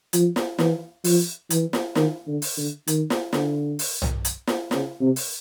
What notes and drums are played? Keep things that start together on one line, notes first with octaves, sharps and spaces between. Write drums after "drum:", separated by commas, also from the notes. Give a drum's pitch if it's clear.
F3, drum: hi-hat
drum: snare
E3, drum: snare
F3, drum: open hi-hat
E3, drum: hi-hat
drum: snare
D#3, drum: snare
D3
drum: open hi-hat
D3
D#3, drum: hi-hat
drum: snare
D3, drum: snare
drum: open hi-hat
drum: tom B1
drum: hi-hat
drum: snare
C#3, drum: snare
C3
drum: open hi-hat